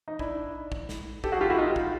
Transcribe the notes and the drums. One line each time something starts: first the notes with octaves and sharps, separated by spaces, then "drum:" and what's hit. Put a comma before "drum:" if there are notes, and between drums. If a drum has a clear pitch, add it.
D#4
D4 E4, drum: kick
drum: kick
drum: snare
G4 A4, drum: kick
F#4 G#4
F4 G4
E4 F#4
D#4 F4
drum: kick